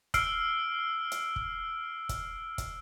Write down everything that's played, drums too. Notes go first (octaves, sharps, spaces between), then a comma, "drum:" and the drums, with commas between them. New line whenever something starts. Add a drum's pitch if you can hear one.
E6 F6 C7 D7, drum: kick, hi-hat
drum: hi-hat
drum: kick
drum: kick, hi-hat
drum: kick, hi-hat